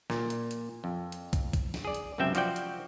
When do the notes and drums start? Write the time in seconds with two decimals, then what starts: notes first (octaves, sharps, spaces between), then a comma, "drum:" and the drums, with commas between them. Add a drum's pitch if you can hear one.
0.10 A#2, drum: snare
0.30 drum: hi-hat
0.51 drum: hi-hat
0.84 F2
1.12 drum: hi-hat
1.33 drum: kick, hi-hat
1.53 drum: kick, hi-hat
1.74 drum: snare
1.85 G#4 D5
1.94 drum: hi-hat
2.18 C#2 F#2 C3 C4 E5 G5
2.35 F3 F#4 D5 G5, drum: hi-hat
2.56 drum: hi-hat